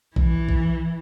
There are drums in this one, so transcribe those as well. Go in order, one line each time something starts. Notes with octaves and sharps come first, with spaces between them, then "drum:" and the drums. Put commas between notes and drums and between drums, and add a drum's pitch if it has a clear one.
E3, drum: kick A#1
drum: kick A#1